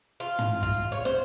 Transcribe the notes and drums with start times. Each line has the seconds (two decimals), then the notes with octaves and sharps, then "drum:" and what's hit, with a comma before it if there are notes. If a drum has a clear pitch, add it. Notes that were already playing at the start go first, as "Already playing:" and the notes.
0.20 F4
0.39 drum: tom
0.63 F4, drum: kick
0.92 C#5
1.05 C5, drum: snare